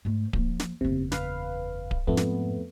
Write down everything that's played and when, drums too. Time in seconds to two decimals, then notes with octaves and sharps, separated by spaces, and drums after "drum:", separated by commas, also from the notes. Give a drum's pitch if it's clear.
0.05 G#2 A3
0.33 F3 A#3, drum: kick D1
0.60 drum: snare
0.81 F#1 E2 C3
1.12 B4 F5, drum: snare
1.91 drum: kick D1
2.07 F2 G#2 A3 B3
2.17 drum: snare